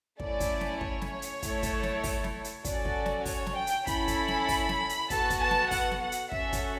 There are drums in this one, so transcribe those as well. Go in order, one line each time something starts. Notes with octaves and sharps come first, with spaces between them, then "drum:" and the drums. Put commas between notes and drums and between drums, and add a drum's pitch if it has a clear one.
A3 C#4 E4 D5, drum: kick
drum: kick, hi-hat
drum: snare
C#5, drum: kick
drum: snare
drum: hi-hat
A3 E4 A4, drum: kick, hi-hat
drum: kick, hi-hat
drum: snare
drum: kick, open hi-hat
drum: snare
drum: hi-hat
C#4 F#4 A4 D5, drum: kick, hi-hat
drum: kick
drum: snare
C#5, drum: kick, open hi-hat
drum: snare
G5
drum: hi-hat
C#4 E4 A4 B5, drum: kick, hi-hat
drum: kick, hi-hat
drum: snare
drum: kick, open hi-hat
drum: snare
drum: hi-hat
B3 F#4 A4 A5, drum: kick, hi-hat
drum: kick, hi-hat
A5
drum: snare
F#5, drum: kick, open hi-hat
drum: snare
F#5
drum: hi-hat
C#4 F#4 A4 E5, drum: kick
drum: kick, hi-hat